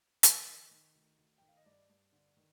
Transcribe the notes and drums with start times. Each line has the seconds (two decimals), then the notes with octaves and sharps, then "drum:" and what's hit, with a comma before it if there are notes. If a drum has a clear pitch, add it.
0.23 D#3 D#5, drum: hi-hat
0.47 D#3
0.71 D#3
0.95 D2
1.18 D2
1.38 D#3 G5
1.48 F5
1.57 D#5
1.66 G2 D5
1.89 G2
2.13 D3
2.37 D#3